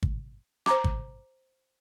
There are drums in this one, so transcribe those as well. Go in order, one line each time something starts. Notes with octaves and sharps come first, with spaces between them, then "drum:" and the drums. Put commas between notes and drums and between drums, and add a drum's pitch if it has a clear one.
drum: kick
C5 A#5 D6, drum: rim click
drum: kick